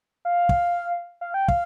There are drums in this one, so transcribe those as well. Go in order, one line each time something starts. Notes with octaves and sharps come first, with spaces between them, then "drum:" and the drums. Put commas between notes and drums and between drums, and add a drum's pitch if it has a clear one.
F5
drum: kick
F5
G5
F5, drum: kick